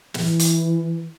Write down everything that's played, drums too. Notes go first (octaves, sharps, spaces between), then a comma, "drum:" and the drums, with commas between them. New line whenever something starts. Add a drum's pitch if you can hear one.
E3, drum: snare
drum: hi-hat